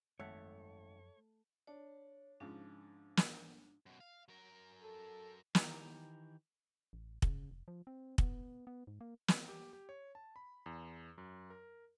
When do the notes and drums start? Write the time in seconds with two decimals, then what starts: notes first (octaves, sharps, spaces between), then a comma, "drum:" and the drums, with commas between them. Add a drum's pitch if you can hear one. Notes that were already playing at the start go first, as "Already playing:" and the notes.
0.20 G#1 F#2 F3 A3 C#5 E5 F#5
1.67 D4 C#5
2.40 G#2 C#3 F3 D4
3.17 drum: snare
3.86 F#2 B2
4.00 F5
4.29 F#3 A#4
4.80 A4
5.55 D#3 E3 G4 A#5, drum: snare
6.93 A1
7.22 C#3, drum: kick
7.51 F1
7.68 F3
7.87 C4
8.18 B3, drum: kick
8.67 B3
8.87 G#2
9.01 A#3
9.28 C4, drum: snare
9.49 G4
9.73 G4
9.89 C#5
10.15 A5
10.36 B5
10.66 E2
11.18 F#2
11.50 A#4